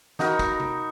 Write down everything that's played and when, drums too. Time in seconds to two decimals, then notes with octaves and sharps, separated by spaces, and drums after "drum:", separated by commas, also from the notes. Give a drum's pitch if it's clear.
0.19 D#4 F#4 A#4 B5, drum: snare
0.39 drum: kick, tambourine
0.60 drum: tom C3